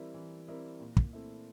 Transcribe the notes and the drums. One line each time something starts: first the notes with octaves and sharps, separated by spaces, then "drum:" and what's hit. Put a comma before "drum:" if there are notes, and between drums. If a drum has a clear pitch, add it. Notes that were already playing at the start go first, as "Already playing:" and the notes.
Already playing: E3 G3 C4 E4 A#4
E3
G3 C4 E4 A#4
A#2
drum: kick
A3 C4 E4